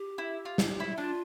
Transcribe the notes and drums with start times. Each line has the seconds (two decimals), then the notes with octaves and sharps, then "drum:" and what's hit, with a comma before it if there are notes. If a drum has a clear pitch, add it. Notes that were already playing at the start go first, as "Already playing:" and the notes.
Already playing: G4
0.18 E4
0.45 F4
0.58 drum: snare
0.80 E4
0.98 D4 F4